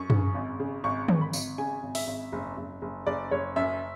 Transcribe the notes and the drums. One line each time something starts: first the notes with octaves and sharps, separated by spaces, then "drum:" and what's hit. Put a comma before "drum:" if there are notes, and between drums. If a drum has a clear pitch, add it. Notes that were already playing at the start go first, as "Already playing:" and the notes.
Already playing: F#2 C#6
C#3, drum: tom F#2
G#1
C#3
G#1 C#6
G#1, drum: tom
B5
G#1, drum: tambourine
C#3 G#5
G#1
E5, drum: open hi-hat
G#1
F#1
F#1
F#1
F#1 D5
F#1 C#5
F#2 E5